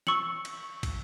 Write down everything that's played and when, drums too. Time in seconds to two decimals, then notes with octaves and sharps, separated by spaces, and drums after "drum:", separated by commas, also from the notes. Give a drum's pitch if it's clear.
0.07 C#6 E6 C#7 F#7, drum: snare
0.45 drum: cymbal
0.83 drum: kick, cymbal